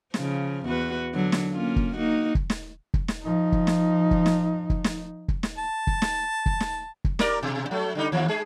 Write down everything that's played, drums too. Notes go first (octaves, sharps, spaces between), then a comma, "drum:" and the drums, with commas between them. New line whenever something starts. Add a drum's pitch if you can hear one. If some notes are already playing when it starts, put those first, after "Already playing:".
C#3 F3, drum: snare
E2 F#4 B4
D3 F#3
drum: snare
A#3 C#4 F4
drum: kick
A#3 D#4 F#4
drum: kick
drum: snare
drum: kick
drum: snare
F3 D#4
drum: kick
drum: snare
drum: kick
drum: snare
drum: kick
drum: snare
drum: kick
drum: snare
A5
drum: kick
drum: snare
drum: kick
drum: snare
drum: kick
G4 A#4 D5, drum: snare
B2
F#3 A3
D3 G3 D#4
D#2 F3
G#3 G#4